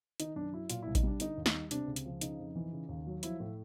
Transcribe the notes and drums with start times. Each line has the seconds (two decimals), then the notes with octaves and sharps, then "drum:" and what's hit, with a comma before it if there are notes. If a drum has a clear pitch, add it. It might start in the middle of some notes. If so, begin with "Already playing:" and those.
0.20 D#3 D#4, drum: hi-hat
0.36 F#2 D4
0.53 F#3 E4
0.70 A#2 F4, drum: hi-hat
0.83 E4
0.87 C2
0.95 D#4, drum: kick A1, hi-hat
1.03 G3 D4
1.20 D3 D#4, drum: hi-hat
1.37 D#2
1.46 D#4, drum: snare
1.54 G3
1.71 C3 D4, drum: hi-hat
1.87 C#2
1.96 drum: hi-hat
2.05 F3
2.21 C#3 D#4, drum: hi-hat
2.39 F2
2.55 E3
2.72 C#3
2.89 D#2
3.07 F#3
3.23 F3 E4, drum: hi-hat
3.40 A2 E4